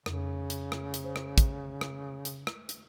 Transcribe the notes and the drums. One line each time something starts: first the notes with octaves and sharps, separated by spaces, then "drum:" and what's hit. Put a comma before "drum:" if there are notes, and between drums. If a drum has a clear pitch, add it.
F2 C#3, drum: rim click
drum: hi-hat
drum: rim click
drum: hi-hat
C5
drum: rim click
drum: kick, hi-hat
drum: rim click
drum: hi-hat
drum: rim click
drum: hi-hat